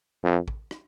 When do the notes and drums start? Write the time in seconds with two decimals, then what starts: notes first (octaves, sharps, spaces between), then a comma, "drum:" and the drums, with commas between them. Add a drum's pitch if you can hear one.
0.24 F2
0.48 drum: kick
0.71 drum: rim click